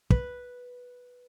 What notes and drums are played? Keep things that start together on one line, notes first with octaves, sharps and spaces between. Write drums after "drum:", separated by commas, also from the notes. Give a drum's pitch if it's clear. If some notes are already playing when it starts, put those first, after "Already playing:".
B4, drum: kick